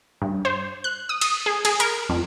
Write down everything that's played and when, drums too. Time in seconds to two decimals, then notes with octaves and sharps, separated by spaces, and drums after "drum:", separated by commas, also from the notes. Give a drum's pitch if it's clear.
0.22 G2
0.45 C5
0.84 F#6
1.09 D#6
1.21 D#6, drum: cymbal
1.46 G#4
1.65 G#4, drum: cymbal
1.80 A#4, drum: hi-hat
2.09 F2